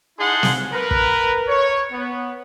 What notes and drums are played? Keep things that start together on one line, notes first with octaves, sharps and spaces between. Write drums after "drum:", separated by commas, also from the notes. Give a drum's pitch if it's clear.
D#4 E4 G#4 F#5 A5 C6
drum: snare
A#4 B4
drum: kick
C#5
B3